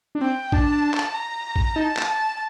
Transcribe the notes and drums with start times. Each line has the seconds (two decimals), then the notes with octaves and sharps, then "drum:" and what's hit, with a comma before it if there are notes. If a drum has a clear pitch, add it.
0.15 D4
0.21 C4 G5
0.52 D4 A5, drum: kick
0.94 drum: clap
1.15 A#5
1.56 drum: kick
1.76 D#4 A5
1.97 drum: clap
2.07 A5